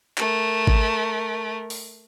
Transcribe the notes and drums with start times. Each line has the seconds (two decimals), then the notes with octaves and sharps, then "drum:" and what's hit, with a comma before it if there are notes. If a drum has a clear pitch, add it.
0.18 A3 A#4, drum: clap
0.67 drum: kick G#1
1.70 drum: open hi-hat